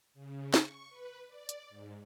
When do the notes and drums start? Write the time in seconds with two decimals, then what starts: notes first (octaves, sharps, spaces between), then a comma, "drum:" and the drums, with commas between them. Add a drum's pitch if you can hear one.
0.14 C#3
0.54 C#6, drum: snare
0.89 B4
1.27 D5
1.49 drum: hi-hat
1.69 G#2